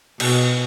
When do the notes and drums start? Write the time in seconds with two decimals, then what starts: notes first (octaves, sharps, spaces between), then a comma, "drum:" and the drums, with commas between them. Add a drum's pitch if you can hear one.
0.20 B2, drum: cymbal